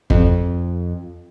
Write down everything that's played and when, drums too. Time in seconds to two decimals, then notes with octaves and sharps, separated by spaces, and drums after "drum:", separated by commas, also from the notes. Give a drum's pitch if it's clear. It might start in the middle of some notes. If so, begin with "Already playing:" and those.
0.10 F2, drum: kick G1